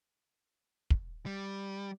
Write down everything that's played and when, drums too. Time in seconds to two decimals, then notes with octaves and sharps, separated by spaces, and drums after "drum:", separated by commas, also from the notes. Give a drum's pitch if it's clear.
0.90 drum: kick
1.26 G3